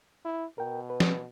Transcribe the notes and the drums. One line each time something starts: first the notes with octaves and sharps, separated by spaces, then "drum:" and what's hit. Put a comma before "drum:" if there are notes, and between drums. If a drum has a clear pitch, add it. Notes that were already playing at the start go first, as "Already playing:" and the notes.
E4
B2 A#4 G5
B4
drum: snare